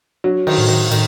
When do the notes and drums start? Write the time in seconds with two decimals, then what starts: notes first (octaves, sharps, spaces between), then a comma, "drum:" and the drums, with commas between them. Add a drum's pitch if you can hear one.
0.24 F#3 D4
0.47 D#3, drum: cymbal
0.58 A2
0.68 D#3
0.91 A2 D#3, drum: hi-hat